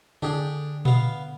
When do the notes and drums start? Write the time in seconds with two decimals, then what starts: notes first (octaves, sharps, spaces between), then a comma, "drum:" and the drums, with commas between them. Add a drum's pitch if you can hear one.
0.22 D3 D4 G4 G#4
0.85 B3 F5, drum: tom A#2